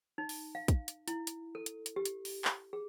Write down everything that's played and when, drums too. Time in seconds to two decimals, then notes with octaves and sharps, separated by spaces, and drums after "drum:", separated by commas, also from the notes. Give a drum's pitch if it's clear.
0.18 D#4
0.29 drum: open hi-hat
0.55 F5
0.68 drum: kick, hi-hat
0.88 drum: hi-hat
1.08 E4, drum: hi-hat
1.27 drum: hi-hat
1.55 A4
1.66 drum: hi-hat
1.86 drum: hi-hat
1.96 G4
2.05 drum: hi-hat
2.25 drum: open hi-hat
2.45 drum: clap
2.73 G#4